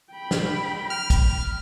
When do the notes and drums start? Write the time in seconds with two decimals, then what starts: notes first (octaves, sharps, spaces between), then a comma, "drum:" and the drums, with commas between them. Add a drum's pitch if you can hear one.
0.11 G5 B5
0.31 drum: snare
0.90 F6
1.10 drum: kick, hi-hat